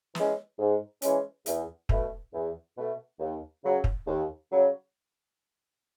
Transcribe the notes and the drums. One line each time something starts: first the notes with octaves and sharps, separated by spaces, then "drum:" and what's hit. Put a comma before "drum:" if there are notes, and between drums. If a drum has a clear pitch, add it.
E3 G#3 C#4, drum: snare
G#2
E3 G#3 C#4, drum: hi-hat
E2, drum: hi-hat
B2 A3, drum: kick
E2
B2 A3
D#2
C#3 F#3
drum: kick
D#2
C#3 F#3